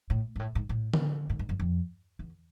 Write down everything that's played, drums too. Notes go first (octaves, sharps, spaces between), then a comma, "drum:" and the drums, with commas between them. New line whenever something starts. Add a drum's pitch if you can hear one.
A2
G#2
A2
G#2
A2
drum: tom D3
G#2
G2
F#2
F2
E2